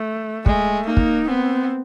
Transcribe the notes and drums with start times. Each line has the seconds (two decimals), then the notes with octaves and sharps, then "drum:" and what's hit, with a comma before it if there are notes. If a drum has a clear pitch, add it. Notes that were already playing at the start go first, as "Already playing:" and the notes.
Already playing: A3
0.46 G#3 A3, drum: kick
0.87 A#3 D#4
0.97 drum: kick
1.28 B3 C4